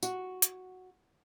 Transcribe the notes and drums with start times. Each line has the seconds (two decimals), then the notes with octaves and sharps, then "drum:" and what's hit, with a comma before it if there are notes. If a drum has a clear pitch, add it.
0.03 F#4, drum: tambourine
0.42 drum: hi-hat